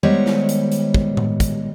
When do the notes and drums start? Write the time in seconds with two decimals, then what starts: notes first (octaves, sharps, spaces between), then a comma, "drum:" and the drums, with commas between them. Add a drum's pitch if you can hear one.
0.03 D#3 G3 G#3 B3 C5 C#5
0.26 drum: snare
0.49 drum: hi-hat
0.72 drum: hi-hat
0.94 drum: kick
1.17 drum: tom A2
1.40 drum: kick, hi-hat